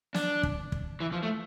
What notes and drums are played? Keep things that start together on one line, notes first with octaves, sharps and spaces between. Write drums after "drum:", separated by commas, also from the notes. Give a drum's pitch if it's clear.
D4, drum: snare
drum: kick
drum: kick
E3
F3
A3